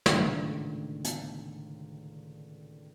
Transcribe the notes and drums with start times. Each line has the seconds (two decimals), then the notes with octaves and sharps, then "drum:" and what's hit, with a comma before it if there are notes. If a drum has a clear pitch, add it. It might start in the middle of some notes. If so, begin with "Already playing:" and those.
0.06 G#1 C#2 A2 D3 D#3, drum: snare
1.05 drum: hi-hat